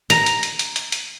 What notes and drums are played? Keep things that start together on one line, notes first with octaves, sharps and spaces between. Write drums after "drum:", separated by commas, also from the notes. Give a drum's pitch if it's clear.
A#5, drum: hi-hat
drum: hi-hat
drum: hi-hat
drum: hi-hat
drum: hi-hat
drum: hi-hat